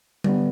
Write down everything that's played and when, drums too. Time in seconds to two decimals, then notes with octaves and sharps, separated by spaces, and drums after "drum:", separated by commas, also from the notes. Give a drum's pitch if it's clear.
0.24 D3 G3 B3, drum: tom